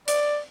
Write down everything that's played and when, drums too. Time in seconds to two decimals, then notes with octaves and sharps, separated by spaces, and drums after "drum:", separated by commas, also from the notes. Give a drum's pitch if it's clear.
0.08 D5, drum: hi-hat